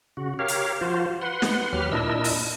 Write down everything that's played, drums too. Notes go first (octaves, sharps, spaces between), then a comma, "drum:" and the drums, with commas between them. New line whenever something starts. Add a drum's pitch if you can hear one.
C#3 F#4
G4 A#4 C#5 F5
drum: hi-hat
F3 F4 F#4 C5
B4 F#5 C6
drum: snare
D#2 F#3 G4 B4 F6
A#2 D4 E4 A#4 D#5 E6
drum: open hi-hat